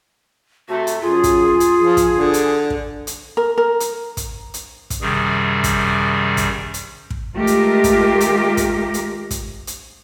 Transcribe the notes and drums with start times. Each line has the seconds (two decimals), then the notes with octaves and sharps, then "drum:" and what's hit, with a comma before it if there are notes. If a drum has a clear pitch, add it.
0.69 C3 A3 F#4
0.87 drum: hi-hat
1.01 F#2 F4 G#4
1.24 drum: kick, hi-hat
1.60 drum: hi-hat
1.79 F3
1.97 drum: kick, hi-hat
2.16 D3
2.34 drum: hi-hat
2.70 drum: kick
3.07 drum: hi-hat
3.37 A#4
3.58 A#4
3.80 drum: hi-hat
4.17 drum: kick, hi-hat
4.54 drum: hi-hat
4.90 drum: kick, hi-hat
5.01 F#2 C3 D#3 G3 G#4
5.64 drum: kick, hi-hat
6.37 drum: kick, hi-hat
6.74 drum: hi-hat
7.10 drum: kick
7.35 D#3 G#3 A3 F4 G4 A#4
7.47 drum: hi-hat
7.84 drum: kick, hi-hat
8.20 drum: hi-hat
8.57 drum: kick, hi-hat
8.94 drum: hi-hat
9.31 drum: kick, hi-hat
9.67 drum: hi-hat